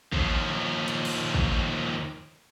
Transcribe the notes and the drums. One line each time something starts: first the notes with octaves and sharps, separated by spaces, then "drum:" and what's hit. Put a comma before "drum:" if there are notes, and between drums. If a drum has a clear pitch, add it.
D#2 F3, drum: kick
drum: hi-hat
drum: cymbal
drum: kick